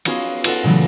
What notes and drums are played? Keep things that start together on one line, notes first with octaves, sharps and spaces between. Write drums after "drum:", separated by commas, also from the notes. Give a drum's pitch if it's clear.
B3 C#4 F4 F#4 G#4 F5, drum: cymbal
F4 A4 F#5, drum: cymbal
A#2 C#3 E3 F#3 A3